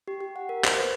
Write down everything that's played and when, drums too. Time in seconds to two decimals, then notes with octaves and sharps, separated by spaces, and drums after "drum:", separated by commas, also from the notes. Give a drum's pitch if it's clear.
0.08 G4
0.21 G4
0.36 F#5
0.49 A#4
0.64 C5, drum: clap
0.80 B4